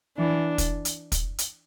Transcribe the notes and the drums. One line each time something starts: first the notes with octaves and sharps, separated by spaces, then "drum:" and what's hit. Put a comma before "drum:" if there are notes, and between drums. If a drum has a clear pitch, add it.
E3 D4
drum: kick, hi-hat
drum: hi-hat
drum: kick, hi-hat
drum: hi-hat